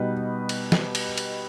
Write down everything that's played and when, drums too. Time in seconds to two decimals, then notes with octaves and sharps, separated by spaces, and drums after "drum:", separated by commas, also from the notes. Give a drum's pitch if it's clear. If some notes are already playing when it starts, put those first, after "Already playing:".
Already playing: B2 G3 B3 D#4 B4
0.49 drum: cymbal
0.72 drum: snare
0.95 drum: cymbal
1.18 drum: cymbal